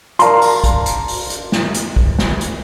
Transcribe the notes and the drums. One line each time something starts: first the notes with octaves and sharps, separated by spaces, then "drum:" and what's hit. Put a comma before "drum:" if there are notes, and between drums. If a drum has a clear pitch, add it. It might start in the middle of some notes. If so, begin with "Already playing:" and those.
A#4 D5 F5 A5 A#5 C6, drum: hi-hat
drum: open hi-hat
drum: kick, hi-hat
drum: hi-hat
drum: open hi-hat
drum: hi-hat
drum: snare
drum: hi-hat
drum: kick
drum: snare
drum: hi-hat